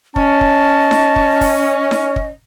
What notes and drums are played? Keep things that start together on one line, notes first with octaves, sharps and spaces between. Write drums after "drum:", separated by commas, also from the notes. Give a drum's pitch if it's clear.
C#4 D#5 A5, drum: kick
drum: kick
drum: snare D#4
drum: kick
drum: kick, open hi-hat
drum: snare D#4
drum: kick